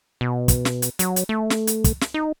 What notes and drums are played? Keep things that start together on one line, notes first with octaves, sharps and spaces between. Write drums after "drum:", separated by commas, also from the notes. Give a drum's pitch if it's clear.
B2
drum: kick, hi-hat
drum: snare
drum: hi-hat
F#3, drum: hi-hat
drum: hi-hat
A3
drum: snare
drum: hi-hat
drum: kick, hi-hat
drum: snare
D#4